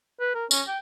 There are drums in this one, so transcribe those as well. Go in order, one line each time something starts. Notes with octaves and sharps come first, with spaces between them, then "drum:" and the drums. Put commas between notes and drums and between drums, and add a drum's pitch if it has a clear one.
B4
A#4
C#4, drum: tambourine
G5